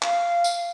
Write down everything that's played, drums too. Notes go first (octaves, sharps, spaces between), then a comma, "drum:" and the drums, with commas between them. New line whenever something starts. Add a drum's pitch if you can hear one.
F5, drum: clap
drum: tambourine